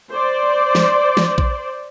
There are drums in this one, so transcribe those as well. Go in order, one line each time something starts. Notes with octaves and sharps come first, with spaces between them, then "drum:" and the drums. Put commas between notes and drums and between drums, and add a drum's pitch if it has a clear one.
C5 D5
drum: snare
drum: snare
drum: kick A#1